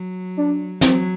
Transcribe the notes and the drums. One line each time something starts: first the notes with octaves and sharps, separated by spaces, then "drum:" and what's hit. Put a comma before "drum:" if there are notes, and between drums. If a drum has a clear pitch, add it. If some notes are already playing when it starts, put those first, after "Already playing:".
Already playing: F#3
D4
F#3 C4, drum: snare